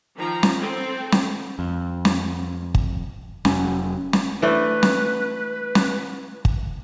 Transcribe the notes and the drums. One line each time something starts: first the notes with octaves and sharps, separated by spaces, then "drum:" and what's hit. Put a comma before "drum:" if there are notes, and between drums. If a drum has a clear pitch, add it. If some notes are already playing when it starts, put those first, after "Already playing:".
D#3 F3 A#5
drum: snare
C4 A4
drum: snare
F2
drum: snare
drum: kick
F1 F#3 C#4, drum: snare
drum: snare
E3 A3 D4 B4
drum: snare
drum: snare
drum: kick